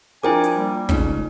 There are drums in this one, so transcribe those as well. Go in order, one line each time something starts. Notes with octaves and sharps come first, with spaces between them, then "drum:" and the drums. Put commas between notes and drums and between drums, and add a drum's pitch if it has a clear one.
F3 D4 E4 A#4 G5 G#5 D6
drum: hi-hat
G3 A#3
C#2 A3 C#4 D#4, drum: kick, hi-hat